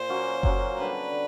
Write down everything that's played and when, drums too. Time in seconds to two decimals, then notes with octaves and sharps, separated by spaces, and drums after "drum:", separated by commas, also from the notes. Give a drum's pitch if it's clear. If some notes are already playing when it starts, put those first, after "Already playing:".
Already playing: A#2 C5
0.09 F#3 A#3 C#4 F#4
0.43 F#3 A#3 C#4 F#4, drum: kick F#1
0.77 D3 G3 B3 B4
1.11 D3